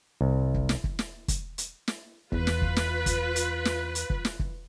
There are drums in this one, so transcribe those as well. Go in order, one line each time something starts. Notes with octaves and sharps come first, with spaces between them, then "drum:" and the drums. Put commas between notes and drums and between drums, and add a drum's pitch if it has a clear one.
C2
drum: kick
drum: snare
drum: kick
drum: snare
drum: kick, hi-hat
drum: hi-hat
drum: snare
E2 F4 B4, drum: kick
drum: snare
drum: kick
drum: snare
drum: kick, hi-hat
drum: hi-hat
drum: snare
drum: hi-hat
drum: kick
drum: snare
drum: kick